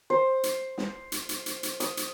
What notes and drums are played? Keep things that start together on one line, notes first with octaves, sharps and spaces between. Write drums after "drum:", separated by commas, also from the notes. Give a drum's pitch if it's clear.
C5
drum: hi-hat
drum: snare
drum: hi-hat
drum: hi-hat
drum: hi-hat
drum: hi-hat
D#6, drum: hi-hat
drum: hi-hat